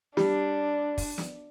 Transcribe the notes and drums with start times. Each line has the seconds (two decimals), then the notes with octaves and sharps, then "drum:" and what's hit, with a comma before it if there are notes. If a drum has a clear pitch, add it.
0.17 G3 D4, drum: snare
0.98 drum: kick, open hi-hat
1.18 drum: snare